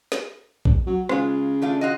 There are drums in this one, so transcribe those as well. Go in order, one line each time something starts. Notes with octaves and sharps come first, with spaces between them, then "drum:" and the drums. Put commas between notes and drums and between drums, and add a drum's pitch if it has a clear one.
drum: snare
drum: kick A#1
F#3
C#3 G#3 F4, drum: rim click
A3 D4 F4
F4 F#4 D#5